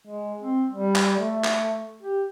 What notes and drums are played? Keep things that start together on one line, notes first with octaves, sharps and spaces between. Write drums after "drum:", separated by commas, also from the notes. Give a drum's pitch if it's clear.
G#3
C4
G3
drum: clap
A3
drum: clap
G4